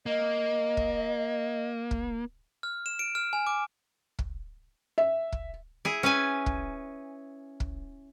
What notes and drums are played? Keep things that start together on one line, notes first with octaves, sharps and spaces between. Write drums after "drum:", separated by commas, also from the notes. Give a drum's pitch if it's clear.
A#3 D#5
drum: kick
drum: kick
F6
E7
D7
F6
G#5
D6
drum: kick
E5
drum: kick
E4 G#4
C#4 B4 G#5
drum: kick
drum: kick